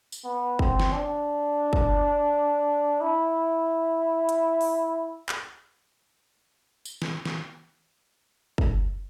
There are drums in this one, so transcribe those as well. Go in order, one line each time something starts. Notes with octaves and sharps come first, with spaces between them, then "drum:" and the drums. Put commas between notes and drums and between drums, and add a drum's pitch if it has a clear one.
drum: tambourine
B3
C4, drum: kick
drum: snare
D4
drum: kick
E4
drum: hi-hat
drum: open hi-hat
drum: clap
drum: tambourine
drum: snare
drum: snare
drum: kick